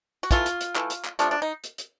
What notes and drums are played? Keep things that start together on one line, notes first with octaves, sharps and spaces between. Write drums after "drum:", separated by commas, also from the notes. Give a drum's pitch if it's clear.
F#4
E3 A3 F4, drum: kick, hi-hat
drum: hi-hat
drum: hi-hat
E3 A3, drum: clap
drum: hi-hat
drum: clap
C3 F3 A3 D4, drum: hi-hat
D4
D#4
drum: hi-hat
drum: hi-hat